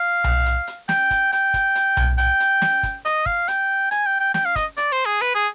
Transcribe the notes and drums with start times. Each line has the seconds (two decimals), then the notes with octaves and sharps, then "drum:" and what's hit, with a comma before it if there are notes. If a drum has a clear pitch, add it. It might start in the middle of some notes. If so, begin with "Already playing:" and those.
Already playing: F5
0.24 drum: tom B1
0.46 drum: hi-hat
0.67 drum: hi-hat
0.89 G5, drum: snare
1.11 drum: kick, hi-hat
1.32 G5, drum: hi-hat
1.54 drum: kick, hi-hat
1.75 drum: hi-hat
1.97 drum: tom B1
2.18 G5, drum: hi-hat
2.40 drum: hi-hat
2.62 drum: snare
2.83 drum: kick, hi-hat
3.05 D#5, drum: hi-hat
3.26 F5, drum: kick
3.48 G5, drum: hi-hat
3.91 G#5, drum: hi-hat
4.06 G5
4.20 G5
4.34 G5, drum: snare
4.45 F5
4.56 D#5, drum: kick, hi-hat
4.77 D5, drum: hi-hat
4.92 C5
5.06 G#4
5.21 B4, drum: hi-hat
5.34 G#4